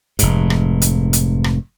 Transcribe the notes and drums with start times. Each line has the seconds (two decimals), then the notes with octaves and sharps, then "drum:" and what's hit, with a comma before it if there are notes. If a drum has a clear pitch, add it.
0.19 F1 G#2, drum: hi-hat
0.50 drum: rim click
0.82 drum: hi-hat
1.13 drum: hi-hat
1.44 drum: rim click